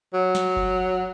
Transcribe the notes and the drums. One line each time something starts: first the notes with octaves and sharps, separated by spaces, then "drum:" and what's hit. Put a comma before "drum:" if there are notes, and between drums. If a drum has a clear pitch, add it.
F#3
drum: snare
drum: kick F#1